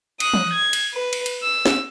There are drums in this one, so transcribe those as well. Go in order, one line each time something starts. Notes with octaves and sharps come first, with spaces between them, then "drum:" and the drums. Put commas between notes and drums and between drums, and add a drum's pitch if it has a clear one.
D#6 F#6, drum: cymbal
drum: tom E3
G#6
drum: cymbal
B4
drum: cymbal
drum: cymbal
E6
drum: snare